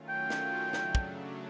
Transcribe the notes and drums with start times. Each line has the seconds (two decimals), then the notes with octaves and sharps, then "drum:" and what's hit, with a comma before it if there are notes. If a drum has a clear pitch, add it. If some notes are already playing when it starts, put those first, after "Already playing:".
Already playing: D#3 F#3 A3 C#4 F4
0.09 G5
0.30 drum: snare
0.73 C#3 F#3 A3 D4, drum: snare
0.95 drum: kick